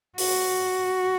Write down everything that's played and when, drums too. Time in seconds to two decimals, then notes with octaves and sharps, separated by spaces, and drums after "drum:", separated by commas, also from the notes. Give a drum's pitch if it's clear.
0.18 F#4, drum: open hi-hat